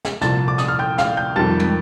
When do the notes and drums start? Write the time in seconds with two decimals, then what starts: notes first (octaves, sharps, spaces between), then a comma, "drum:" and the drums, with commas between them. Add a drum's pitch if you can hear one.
0.05 drum: snare
0.21 C2 A#2 F3 A5 A6, drum: snare
0.48 D6
0.58 D#6, drum: snare
0.68 F6
0.79 G5 G6
0.98 F5 F6, drum: snare
1.17 G5 G6
1.36 F2 D#3 G3 A5 A6
1.59 drum: tom